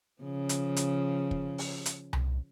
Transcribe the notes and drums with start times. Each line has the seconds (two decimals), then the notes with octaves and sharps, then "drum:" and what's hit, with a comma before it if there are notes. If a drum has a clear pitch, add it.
0.22 C#3 F3
0.49 drum: hi-hat
0.77 drum: hi-hat
1.31 drum: kick
1.58 drum: open hi-hat
1.86 drum: hi-hat
2.13 drum: tom C2